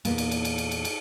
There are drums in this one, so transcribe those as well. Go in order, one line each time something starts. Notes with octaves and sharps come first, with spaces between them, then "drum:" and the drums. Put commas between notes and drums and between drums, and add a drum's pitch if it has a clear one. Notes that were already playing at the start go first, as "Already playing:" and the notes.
E2 A#2 A#3 B3, drum: cymbal
drum: cymbal
drum: cymbal
drum: cymbal
drum: cymbal
drum: cymbal
drum: cymbal